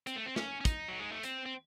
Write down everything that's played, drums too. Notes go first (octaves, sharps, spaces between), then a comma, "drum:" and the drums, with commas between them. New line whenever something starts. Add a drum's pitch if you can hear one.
C4, drum: hi-hat
A3
C4
C#4, drum: snare
C#4
D#4, drum: kick, hi-hat
F#3
G#3
A3
C4, drum: hi-hat
C4